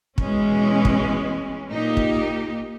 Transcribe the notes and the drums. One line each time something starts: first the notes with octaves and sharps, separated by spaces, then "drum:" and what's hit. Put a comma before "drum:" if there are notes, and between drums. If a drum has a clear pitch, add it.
B2 E3 G#3 C#4, drum: kick
drum: kick
A#2 A#3 D#4 G4
drum: kick